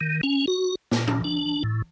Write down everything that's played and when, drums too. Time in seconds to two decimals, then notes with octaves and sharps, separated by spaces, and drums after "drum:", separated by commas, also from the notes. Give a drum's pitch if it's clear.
0.01 D#3
0.23 C#4
0.48 F#4
0.91 A#2, drum: snare
1.07 drum: tom
1.24 D4
1.64 A2